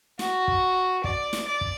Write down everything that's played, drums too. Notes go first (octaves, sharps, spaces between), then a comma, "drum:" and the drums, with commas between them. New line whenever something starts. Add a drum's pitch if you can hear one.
F#4, drum: snare
drum: kick
D5, drum: kick
drum: snare
D5
drum: kick